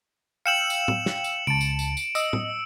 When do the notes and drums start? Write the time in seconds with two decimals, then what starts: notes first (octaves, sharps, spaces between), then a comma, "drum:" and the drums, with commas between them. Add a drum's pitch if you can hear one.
0.46 F5 G5 E6 C#7 E7 F#7
0.70 drum: tambourine
0.88 drum: tom A2
1.06 drum: snare
1.24 drum: tambourine
1.47 C#2 A5 D7
1.61 drum: tambourine
1.79 drum: tambourine
1.97 drum: tambourine
2.15 D#5 E6, drum: tambourine
2.33 drum: tom A2